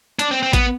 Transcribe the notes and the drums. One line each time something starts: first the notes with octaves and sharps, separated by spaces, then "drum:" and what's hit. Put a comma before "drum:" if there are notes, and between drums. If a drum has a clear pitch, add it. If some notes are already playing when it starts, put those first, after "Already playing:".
D4, drum: hi-hat
C4
C4
B3, drum: kick A1, hi-hat